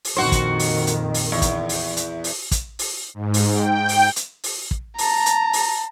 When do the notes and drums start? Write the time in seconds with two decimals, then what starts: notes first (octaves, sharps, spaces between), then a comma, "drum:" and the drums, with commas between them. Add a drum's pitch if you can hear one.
0.05 drum: open hi-hat
0.17 A#1 F2 D#3 F#4 C5
0.32 drum: kick, hi-hat
0.59 drum: open hi-hat
0.87 drum: hi-hat
1.14 drum: open hi-hat
1.32 E2
1.42 drum: kick, hi-hat
1.69 drum: open hi-hat
1.97 drum: hi-hat
2.24 drum: open hi-hat
2.51 drum: kick, hi-hat
2.79 drum: open hi-hat
3.14 G#2
3.34 drum: open hi-hat
3.53 G5
3.89 drum: open hi-hat
4.16 drum: hi-hat
4.43 drum: open hi-hat
4.71 drum: kick
4.98 A5 A#5, drum: open hi-hat
5.26 drum: hi-hat
5.53 drum: open hi-hat